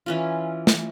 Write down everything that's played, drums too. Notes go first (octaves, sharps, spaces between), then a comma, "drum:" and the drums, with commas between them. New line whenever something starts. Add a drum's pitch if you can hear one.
E3 C#4 F4
drum: snare